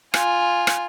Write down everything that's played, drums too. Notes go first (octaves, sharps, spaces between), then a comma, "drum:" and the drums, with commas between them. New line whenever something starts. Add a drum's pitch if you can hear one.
F4 G#5, drum: rim click
drum: rim click